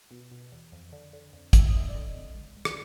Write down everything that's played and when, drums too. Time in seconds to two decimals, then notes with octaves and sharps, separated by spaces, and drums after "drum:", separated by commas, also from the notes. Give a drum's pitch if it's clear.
0.11 B2
0.31 B2
0.52 E2
0.72 F2
0.92 D3
1.13 D3
1.33 F2
1.53 F2 E5, drum: kick, hi-hat
1.65 D#5
1.74 D3 E5
1.89 D5
1.94 D3 D#5
2.15 F2
2.35 C#2
2.56 C#2
2.65 D5, drum: rim click